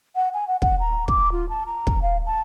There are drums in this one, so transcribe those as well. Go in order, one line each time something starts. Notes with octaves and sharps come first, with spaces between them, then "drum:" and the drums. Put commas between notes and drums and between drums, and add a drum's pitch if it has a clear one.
F#5
G#5
F#5
F#5, drum: kick
A#5
D6, drum: kick
F4
A5
A#5
drum: kick
F5
A5